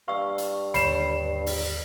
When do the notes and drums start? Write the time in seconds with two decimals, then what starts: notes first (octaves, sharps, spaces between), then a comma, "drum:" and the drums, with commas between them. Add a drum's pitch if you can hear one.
0.08 G2 F5 C#6 E6
0.38 drum: hi-hat
0.74 D#2 G#2 D3 B4 C#5 B5 C7 E7, drum: hi-hat
1.46 drum: open hi-hat